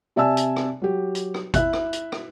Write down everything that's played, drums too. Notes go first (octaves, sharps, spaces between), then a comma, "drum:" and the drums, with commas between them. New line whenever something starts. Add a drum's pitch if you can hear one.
C3 D5 E5 G#5 A5 E6
drum: hi-hat
drum: rim click
F#3 G4
drum: hi-hat
drum: rim click
E4 E5 F#6, drum: kick, hi-hat
drum: rim click
drum: hi-hat
drum: rim click